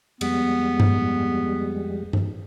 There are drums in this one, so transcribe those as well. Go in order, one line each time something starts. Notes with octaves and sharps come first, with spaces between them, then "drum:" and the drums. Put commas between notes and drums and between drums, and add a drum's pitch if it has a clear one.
F2 G3 G#3 B3, drum: cymbal
drum: tom G2
drum: tom G2